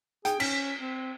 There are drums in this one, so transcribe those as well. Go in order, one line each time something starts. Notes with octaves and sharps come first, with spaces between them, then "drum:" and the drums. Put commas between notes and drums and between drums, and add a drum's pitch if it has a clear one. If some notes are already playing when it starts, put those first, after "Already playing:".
G#4 G5, drum: hi-hat
C#4 B6, drum: cymbal
C4